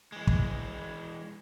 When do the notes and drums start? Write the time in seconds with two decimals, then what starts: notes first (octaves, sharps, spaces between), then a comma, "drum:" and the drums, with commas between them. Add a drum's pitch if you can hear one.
0.12 E3 G#3
0.27 drum: kick